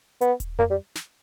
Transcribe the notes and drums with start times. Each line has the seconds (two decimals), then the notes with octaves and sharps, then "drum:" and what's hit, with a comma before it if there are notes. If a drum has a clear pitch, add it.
0.21 B3, drum: hi-hat
0.40 drum: kick D#1, hi-hat
0.59 A#3, drum: tom F2
0.70 G3
0.95 drum: snare